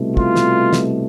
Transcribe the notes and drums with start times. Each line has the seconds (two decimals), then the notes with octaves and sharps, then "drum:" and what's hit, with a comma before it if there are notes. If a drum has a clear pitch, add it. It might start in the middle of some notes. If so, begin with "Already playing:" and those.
Already playing: C2 B2 A3
0.17 F4, drum: kick
0.36 drum: snare
0.73 drum: snare